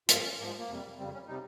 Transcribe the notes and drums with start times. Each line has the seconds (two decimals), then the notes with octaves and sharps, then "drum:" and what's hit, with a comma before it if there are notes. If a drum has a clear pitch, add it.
0.09 G2 F3 F4, drum: hi-hat
0.24 C#4
0.39 G#2 F3 A#3
0.49 G#3
0.59 A#3
0.68 F2 C3 G3
0.99 F2 C#3 G3 C4
1.14 C#4
1.27 C3 G3 D#4